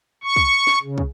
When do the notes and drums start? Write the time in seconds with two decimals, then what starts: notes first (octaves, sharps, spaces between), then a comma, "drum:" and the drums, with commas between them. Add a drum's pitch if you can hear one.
0.24 C#6
0.36 drum: kick
0.67 drum: snare
0.82 C#3
0.98 drum: kick